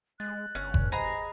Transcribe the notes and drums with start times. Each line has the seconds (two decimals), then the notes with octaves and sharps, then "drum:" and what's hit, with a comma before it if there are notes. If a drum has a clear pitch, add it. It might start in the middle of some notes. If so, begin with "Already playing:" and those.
0.20 G#3 F#6 A6
0.55 G1 C#4
0.74 drum: kick F#1
0.92 G#4 C5 D#5 A#5 B5